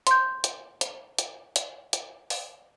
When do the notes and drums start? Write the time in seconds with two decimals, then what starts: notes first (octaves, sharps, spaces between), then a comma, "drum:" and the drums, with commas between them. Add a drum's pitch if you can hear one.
0.07 C6 G6, drum: hi-hat
0.44 drum: hi-hat
0.81 drum: hi-hat
1.18 drum: hi-hat
1.56 drum: hi-hat
1.93 drum: hi-hat
2.30 drum: open hi-hat